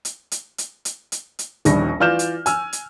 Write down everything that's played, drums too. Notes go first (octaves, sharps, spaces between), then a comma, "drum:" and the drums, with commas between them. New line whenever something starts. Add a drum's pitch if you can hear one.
drum: hi-hat
drum: hi-hat
drum: hi-hat
drum: hi-hat
drum: hi-hat
drum: hi-hat
D#1 A#1 D#2 G3 A#6, drum: hi-hat
E3 F4 D5 F6 G6 E7
drum: hi-hat
G#5 E6 F6, drum: hi-hat
drum: hi-hat